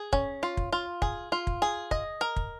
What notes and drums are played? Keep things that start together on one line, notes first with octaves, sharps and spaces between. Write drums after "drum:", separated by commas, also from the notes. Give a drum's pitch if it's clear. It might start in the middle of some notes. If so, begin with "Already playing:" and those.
Already playing: G#4
C#4, drum: kick
F4
drum: kick
F4
G#4, drum: kick
F4
drum: kick
G#4
D#5, drum: kick
A#4
drum: kick